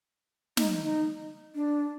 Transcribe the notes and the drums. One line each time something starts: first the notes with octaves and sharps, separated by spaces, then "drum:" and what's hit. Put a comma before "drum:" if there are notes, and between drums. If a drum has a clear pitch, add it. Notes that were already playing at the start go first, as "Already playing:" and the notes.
D#4, drum: snare
D#4
D4